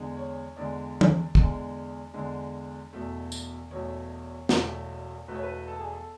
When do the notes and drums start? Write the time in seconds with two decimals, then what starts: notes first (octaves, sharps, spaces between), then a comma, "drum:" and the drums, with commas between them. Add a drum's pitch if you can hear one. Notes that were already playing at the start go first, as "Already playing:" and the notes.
Already playing: E2 D3 G#3
0.17 C#5
0.56 E2 D3 G#3 D5
1.01 drum: tom E3
1.35 E2 D3 G#3, drum: kick
2.14 E2 D3 G#3
2.93 E1 E2 B2 A3
3.32 drum: tambourine
3.70 E1 E2 B2 A3 C#5
4.49 E1 E2 B2 A3, drum: snare
5.28 E1 E2 B2 A3 B4
5.35 C#5
5.43 B4
5.68 A4
5.80 G#4
5.93 A4